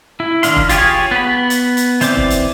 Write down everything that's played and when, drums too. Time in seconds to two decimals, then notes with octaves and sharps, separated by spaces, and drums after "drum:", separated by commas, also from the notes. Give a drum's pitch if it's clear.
0.20 E4
0.43 D#3 C4 D4 F5 C6, drum: hi-hat
0.56 drum: kick E1
0.69 F4 G4 G#4 C#5, drum: hi-hat
1.11 B3 B5
1.50 drum: hi-hat
1.77 drum: hi-hat
2.01 E3 C4 C5 D5 D6, drum: hi-hat
2.17 drum: kick E1
2.30 drum: hi-hat